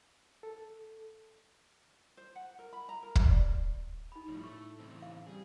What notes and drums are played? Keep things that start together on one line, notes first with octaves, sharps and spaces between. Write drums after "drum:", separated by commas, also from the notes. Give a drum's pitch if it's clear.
A4
C5
F#5
A#4
B5
A#5
A#4
C#5, drum: kick
D5
D#4 B5
A2 F3 G3 C#4
A3 C#6
C#3 E3 C4
F5
G3 G#4